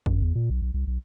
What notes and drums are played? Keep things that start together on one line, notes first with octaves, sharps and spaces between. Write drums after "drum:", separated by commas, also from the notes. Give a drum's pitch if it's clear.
F#2, drum: kick G1
E2
A#2
B1
B1
C2
B1